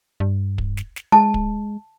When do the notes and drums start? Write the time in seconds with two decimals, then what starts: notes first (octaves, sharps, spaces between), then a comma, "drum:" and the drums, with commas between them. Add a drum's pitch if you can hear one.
0.20 G2
0.58 drum: kick
0.77 drum: snare
0.96 drum: snare
1.12 G#3 A5
1.34 drum: kick